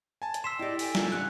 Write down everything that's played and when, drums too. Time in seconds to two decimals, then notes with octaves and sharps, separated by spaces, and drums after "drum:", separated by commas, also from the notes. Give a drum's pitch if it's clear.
0.22 G#5 A5
0.34 drum: hi-hat
0.44 C6 E6 B6 E7
0.59 E4 G4 D5 D#5 G5
0.79 A4 G5 G#5, drum: open hi-hat
0.95 A#3 D4 F4, drum: snare
1.12 C#3 G3 D4 F#5 F#6